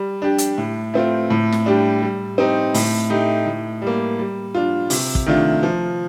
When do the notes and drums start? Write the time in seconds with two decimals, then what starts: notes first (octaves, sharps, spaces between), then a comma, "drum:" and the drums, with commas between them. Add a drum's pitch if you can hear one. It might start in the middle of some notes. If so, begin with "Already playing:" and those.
Already playing: G3
0.22 D4 G4
0.38 drum: hi-hat
0.58 A2
0.94 A3 C4 F4
1.30 A2
1.52 drum: snare
1.66 G3 D4 G4
2.02 G3
2.38 C4 D#4 G4
2.74 A2, drum: open hi-hat
3.10 A3 D#4 G4
3.46 A2
3.82 G3 A#3
4.19 G3
4.55 D4 F4
4.90 C3, drum: open hi-hat
5.15 drum: kick
5.26 D#3 A3 D4 F4
5.63 F3